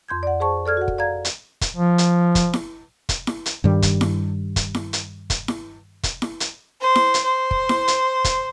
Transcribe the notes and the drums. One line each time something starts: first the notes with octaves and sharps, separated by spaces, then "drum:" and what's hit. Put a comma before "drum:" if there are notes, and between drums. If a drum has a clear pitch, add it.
F2 C6 G6 G#6
D5 F#5
G#4 C5 A5 C#6
A4 D5 F6 G#6
F#4 F#5
drum: kick
D5 F5 A#5 G#6
drum: hi-hat
drum: kick, hi-hat
F3
drum: hi-hat
drum: kick, hi-hat
drum: snare E4
drum: kick, hi-hat
drum: snare E4
drum: hi-hat
G2 D#3 G3
drum: kick, hi-hat
drum: snare E4
drum: kick, hi-hat
drum: snare E4
drum: hi-hat
drum: kick, hi-hat
drum: snare E4
drum: kick, hi-hat
drum: snare E4
drum: hi-hat
C5
drum: snare E4
drum: hi-hat
C5
drum: kick
drum: snare E4
drum: hi-hat
drum: kick, hi-hat